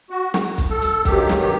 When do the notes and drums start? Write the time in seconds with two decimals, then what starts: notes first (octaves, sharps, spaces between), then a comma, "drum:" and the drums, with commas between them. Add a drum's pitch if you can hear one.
0.10 F#4
0.34 drum: snare
0.58 drum: kick, hi-hat
0.70 A4
0.82 drum: hi-hat
1.05 G2 D#3 F#3 G4, drum: kick, hi-hat
1.29 drum: snare
1.41 G4